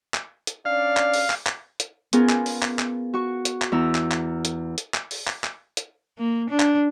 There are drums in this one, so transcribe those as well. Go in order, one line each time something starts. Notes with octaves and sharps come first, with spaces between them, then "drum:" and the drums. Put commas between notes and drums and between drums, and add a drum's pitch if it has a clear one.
drum: clap
drum: hi-hat
C#4 D4 D5 F5
drum: clap
drum: open hi-hat
drum: clap
drum: clap
drum: hi-hat
B3 C#4 F4 G#4 A#4, drum: hi-hat
drum: clap
drum: open hi-hat
drum: clap
drum: clap
F#4 C#6
drum: hi-hat
drum: clap
E2 E4 A#5 E6
drum: clap
drum: clap
drum: hi-hat
drum: hi-hat
drum: clap
drum: open hi-hat
drum: clap
drum: clap
drum: hi-hat
A#3
D4
drum: clap